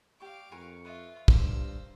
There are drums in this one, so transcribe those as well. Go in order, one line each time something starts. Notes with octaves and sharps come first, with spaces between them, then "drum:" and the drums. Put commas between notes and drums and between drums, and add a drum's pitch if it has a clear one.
G4 D5 F5 C#6 D7
F2 A#4 B4 G#5 C#6
F4 B4 D#5 E5
G2 A#4 C5 F5 A#5 D6 E6, drum: kick